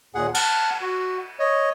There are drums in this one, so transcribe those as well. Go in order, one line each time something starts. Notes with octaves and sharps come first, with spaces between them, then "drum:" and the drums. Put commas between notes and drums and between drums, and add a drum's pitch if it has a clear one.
D#2 A#2 G#4 F#5
F#5 A5 F6, drum: cymbal
F#4
C#5 D#5